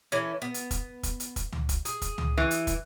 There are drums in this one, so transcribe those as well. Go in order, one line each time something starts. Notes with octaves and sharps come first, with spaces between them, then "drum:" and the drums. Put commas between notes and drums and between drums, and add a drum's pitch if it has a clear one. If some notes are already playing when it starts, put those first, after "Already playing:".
E3 A3 C#4
B3
drum: hi-hat
drum: kick, hi-hat
drum: kick, hi-hat
drum: hi-hat
drum: kick, hi-hat
drum: tom C#2
drum: kick, hi-hat
G#4, drum: hi-hat
drum: kick, hi-hat
drum: tom C#2
E3
drum: hi-hat
drum: kick, hi-hat